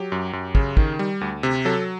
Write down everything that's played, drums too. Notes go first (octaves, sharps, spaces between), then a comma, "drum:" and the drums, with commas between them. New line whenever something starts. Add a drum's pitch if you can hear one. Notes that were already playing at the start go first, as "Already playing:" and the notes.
Already playing: F#3 G4
F#2
F#2
C#3, drum: kick
D#3, drum: kick
G3
D2
C3
F#3 A4